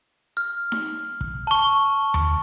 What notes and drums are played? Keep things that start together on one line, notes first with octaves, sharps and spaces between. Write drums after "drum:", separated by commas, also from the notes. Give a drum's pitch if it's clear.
F6
drum: snare D#4
drum: kick
A5 C#6
drum: tom D#2